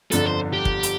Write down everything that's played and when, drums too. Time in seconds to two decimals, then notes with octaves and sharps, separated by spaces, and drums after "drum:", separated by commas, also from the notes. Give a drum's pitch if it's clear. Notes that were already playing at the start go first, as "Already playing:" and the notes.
0.12 G1 F2 D3 A4, drum: hi-hat
0.26 C5
0.53 G4
0.65 drum: kick
0.83 drum: hi-hat